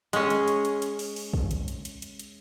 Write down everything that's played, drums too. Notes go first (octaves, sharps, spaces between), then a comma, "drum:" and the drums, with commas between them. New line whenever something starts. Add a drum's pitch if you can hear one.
G#3 C#4, drum: hi-hat
drum: hi-hat
drum: hi-hat
drum: hi-hat
drum: hi-hat
drum: open hi-hat
drum: open hi-hat
drum: kick
drum: hi-hat
drum: hi-hat
drum: hi-hat
drum: hi-hat
drum: hi-hat